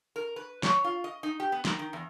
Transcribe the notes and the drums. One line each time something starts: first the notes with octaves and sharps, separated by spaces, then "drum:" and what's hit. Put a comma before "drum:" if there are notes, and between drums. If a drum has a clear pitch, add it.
A#4
B4
C#5, drum: snare
F4
D#5
D#4
G4
B3
D#3, drum: snare
D#3
E2